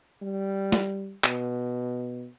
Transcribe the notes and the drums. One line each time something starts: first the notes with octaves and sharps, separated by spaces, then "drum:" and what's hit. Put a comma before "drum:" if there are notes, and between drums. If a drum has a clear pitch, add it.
G3
drum: snare
B2, drum: clap